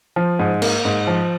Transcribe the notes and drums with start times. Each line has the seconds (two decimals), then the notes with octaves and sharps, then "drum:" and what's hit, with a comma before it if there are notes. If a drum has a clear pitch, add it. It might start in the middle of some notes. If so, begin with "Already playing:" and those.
0.16 F3
0.39 G#2
0.62 A#3, drum: cymbal
0.85 G#2
1.07 F3